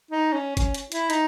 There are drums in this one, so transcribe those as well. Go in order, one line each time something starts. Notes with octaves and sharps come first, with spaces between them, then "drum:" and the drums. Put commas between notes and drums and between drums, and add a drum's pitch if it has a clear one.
D#4
C#4
C#4, drum: kick G1, hi-hat
drum: hi-hat
E4, drum: hi-hat
D#4, drum: hi-hat